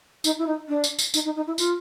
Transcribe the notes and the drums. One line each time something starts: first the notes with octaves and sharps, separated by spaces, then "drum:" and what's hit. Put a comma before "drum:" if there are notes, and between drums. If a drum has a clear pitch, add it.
D#4, drum: tambourine
E4
D#4
D4
drum: tambourine
drum: tambourine
D#4, drum: tambourine
D#4
D#4
E4
F4, drum: tambourine